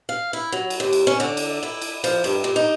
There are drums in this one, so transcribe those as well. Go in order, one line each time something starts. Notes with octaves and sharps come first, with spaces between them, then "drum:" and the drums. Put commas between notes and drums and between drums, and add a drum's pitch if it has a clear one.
F5
E4
F#3
drum: cymbal
D#2
drum: cymbal
C#4
D3
drum: cymbal
E4
drum: cymbal
F3, drum: cymbal
G2, drum: cymbal
A#2
D#4